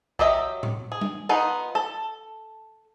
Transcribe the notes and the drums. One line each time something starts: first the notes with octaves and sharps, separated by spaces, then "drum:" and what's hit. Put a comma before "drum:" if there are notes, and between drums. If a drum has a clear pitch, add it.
F#3 G4 D#5 E5, drum: kick
drum: tom A2
G#4
drum: tom
B3 D#4 F4 F#5
A4